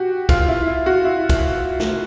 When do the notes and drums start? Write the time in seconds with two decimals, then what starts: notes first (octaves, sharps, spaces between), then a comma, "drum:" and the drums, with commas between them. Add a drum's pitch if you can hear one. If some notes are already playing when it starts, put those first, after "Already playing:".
Already playing: F#4 G4
0.29 F4, drum: kick, cymbal
0.48 E4
0.66 E4
0.86 F#4
1.04 E4
1.29 drum: kick, cymbal
1.80 drum: snare